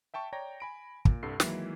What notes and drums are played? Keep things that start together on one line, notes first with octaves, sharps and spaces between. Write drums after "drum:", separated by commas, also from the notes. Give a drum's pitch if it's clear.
E5 G5 A5 C#6
C#5 D5 G5 A#5 A#6
G#5 B5 D7
A#2, drum: kick
C2 G2 A4 C7
D#3 E3 F#3 G#3 A#3 E4, drum: snare